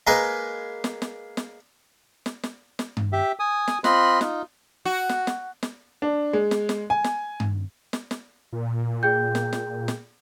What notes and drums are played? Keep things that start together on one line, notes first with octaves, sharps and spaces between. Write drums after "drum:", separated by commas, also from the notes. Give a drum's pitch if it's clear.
G#3 A#3 G#4 A#4 B4 D#5
drum: snare
drum: snare
drum: snare
drum: snare
drum: snare
drum: snare
drum: tom G2
G4 E5
G#5 D#6
drum: snare
C4 F4 D#5 B5 C6 F#6, drum: snare
D#4 F4, drum: snare
F#4
drum: snare
drum: snare
drum: snare
D4
G#3
drum: snare
drum: snare
G#5
drum: snare
drum: tom G2
drum: snare
drum: snare
A#2
G#4 G5 G6
drum: snare
drum: snare
drum: snare